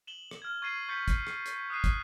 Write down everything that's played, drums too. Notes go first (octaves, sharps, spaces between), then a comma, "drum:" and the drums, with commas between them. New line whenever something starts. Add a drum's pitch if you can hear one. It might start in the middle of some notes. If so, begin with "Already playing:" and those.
E7 F#7 G7
drum: rim click
F6 G#6
C#6 G#6 A6 C7 D#7 G7
C#6 G6 A6 B6 C#7
drum: kick, hi-hat
drum: rim click
drum: hi-hat
D#6 F#6 C7 D#7
drum: kick, hi-hat